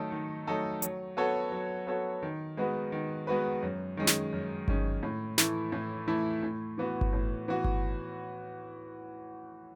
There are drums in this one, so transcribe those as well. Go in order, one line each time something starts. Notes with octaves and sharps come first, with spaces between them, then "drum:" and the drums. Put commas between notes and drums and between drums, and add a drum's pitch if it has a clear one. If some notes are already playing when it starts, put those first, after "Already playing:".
Already playing: D#3 F#3 A3 D#4 A4
D#3
F#3 A3 D#4 A4
F#3, drum: hi-hat
B3 F#4 A4 C#5
F#3
B3 F#4 A4 C#5
D#3
G#3 B3 F#4 B4
D#3
G#3 B3 F#4 B4
F#2
D#3 G#3 C#4
drum: snare
F#2
D#3 G#3 C#4, drum: kick G1
A2
E3 A3 E4, drum: snare
A2
E3 A3 E4
A2
E3 B3 F#4
drum: kick G1
A2
E3 B3 F#4
drum: kick G1